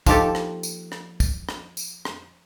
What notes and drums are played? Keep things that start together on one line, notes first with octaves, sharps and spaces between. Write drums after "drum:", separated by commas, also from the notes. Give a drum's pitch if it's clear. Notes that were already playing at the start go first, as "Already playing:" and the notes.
F3 A#3 D#4 G4 A4, drum: kick, tambourine
drum: rim click
drum: tambourine
drum: rim click
drum: kick, tambourine
drum: rim click
drum: tambourine
drum: rim click